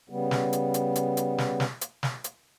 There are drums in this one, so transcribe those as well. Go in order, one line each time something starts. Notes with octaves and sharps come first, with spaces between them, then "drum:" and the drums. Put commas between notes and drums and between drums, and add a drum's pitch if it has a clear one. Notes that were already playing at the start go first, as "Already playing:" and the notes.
C#3 G3 B3
drum: snare
drum: hi-hat
drum: hi-hat
drum: hi-hat
drum: hi-hat
drum: snare
drum: snare
drum: hi-hat
drum: snare
drum: hi-hat